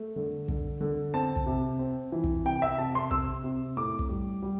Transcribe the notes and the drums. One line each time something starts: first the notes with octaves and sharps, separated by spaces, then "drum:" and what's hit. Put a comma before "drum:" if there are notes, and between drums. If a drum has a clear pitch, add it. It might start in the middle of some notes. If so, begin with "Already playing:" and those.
Already playing: A3
D3
D3, drum: kick
D3
C4 A5
drum: kick
C3
C4
E3
drum: kick
C3 G5
E5
C3 A5
C6
C3 E6, drum: kick
C3
A2 D6
drum: kick
G3
G3